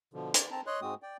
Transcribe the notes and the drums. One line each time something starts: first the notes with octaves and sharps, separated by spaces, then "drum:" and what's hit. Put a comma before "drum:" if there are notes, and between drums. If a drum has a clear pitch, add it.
B2 D3 F3
D5, drum: hi-hat
C4 A5 A#5
C#5 D#5 C6 F#6
G#2 G#3 C4 F#4 D#6
D5 G5